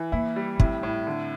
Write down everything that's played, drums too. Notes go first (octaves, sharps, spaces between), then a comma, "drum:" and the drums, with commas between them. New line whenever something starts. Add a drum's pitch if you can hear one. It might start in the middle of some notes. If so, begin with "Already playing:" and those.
Already playing: E3
A#3 E4
G3
A2 C4, drum: kick
A2
D3